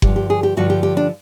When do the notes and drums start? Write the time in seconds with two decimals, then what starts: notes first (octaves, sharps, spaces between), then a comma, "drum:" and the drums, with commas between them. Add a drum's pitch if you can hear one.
0.02 G2 D3 F3 G4, drum: kick F#1
0.16 G4
0.30 G#4
0.43 G4
0.57 G2 D3 F3 F#4
0.70 G4
0.83 G4
0.97 D4